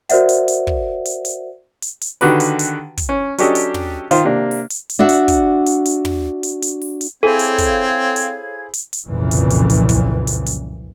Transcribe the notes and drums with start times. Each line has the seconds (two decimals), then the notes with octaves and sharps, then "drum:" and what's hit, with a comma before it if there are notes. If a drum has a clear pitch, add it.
0.09 F#4 A#4 C5 D5 E5 F#5, drum: hi-hat
0.29 drum: hi-hat
0.48 drum: hi-hat
0.67 drum: kick
1.05 drum: hi-hat
1.25 drum: hi-hat
1.82 drum: hi-hat
2.01 drum: hi-hat
2.21 D3 D#3 F#4 G4 B4, drum: open hi-hat
2.40 drum: hi-hat
2.59 drum: hi-hat
2.97 drum: kick, hi-hat
3.09 C#4
3.38 F#3 C#4 D4 G4 A4 D#5, drum: hi-hat
3.55 drum: hi-hat
3.74 drum: tom
4.11 D#3 F4 C5, drum: hi-hat
4.25 C3 A#3 D4
4.51 drum: open hi-hat
4.70 drum: hi-hat
4.89 drum: hi-hat
4.99 D4 F#4 E5 F#5
5.09 drum: hi-hat
5.28 drum: kick, hi-hat
5.66 drum: hi-hat
5.85 drum: hi-hat
6.05 drum: tom
6.43 drum: hi-hat
6.62 drum: hi-hat
6.82 drum: open hi-hat
7.01 drum: hi-hat
7.23 C4 E4 G#4 A4 C5 C#5 F5 G#6
7.39 drum: hi-hat
7.58 drum: kick, hi-hat
8.16 drum: hi-hat
8.74 drum: hi-hat
8.93 drum: hi-hat
9.07 F#1 C2 F2 A#2 C#3 E3
9.31 drum: hi-hat
9.50 drum: hi-hat
9.70 drum: hi-hat
9.89 drum: kick, hi-hat
10.27 drum: hi-hat
10.46 drum: hi-hat